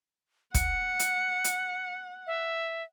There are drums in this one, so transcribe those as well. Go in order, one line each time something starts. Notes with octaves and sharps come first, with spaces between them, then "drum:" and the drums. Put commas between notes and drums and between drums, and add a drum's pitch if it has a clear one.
F#5 C#7, drum: kick, hi-hat
drum: hi-hat
drum: hi-hat
E5